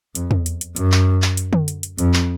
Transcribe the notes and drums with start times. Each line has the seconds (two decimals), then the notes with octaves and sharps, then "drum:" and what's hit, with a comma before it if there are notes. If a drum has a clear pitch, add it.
0.15 F2, drum: hi-hat
0.31 drum: tom E2
0.46 drum: hi-hat
0.61 drum: hi-hat
0.76 F#2, drum: hi-hat
0.92 drum: clap
1.22 drum: clap
1.37 drum: hi-hat
1.53 drum: tom D3
1.68 drum: hi-hat
1.83 drum: hi-hat
1.98 F2, drum: hi-hat
2.14 drum: clap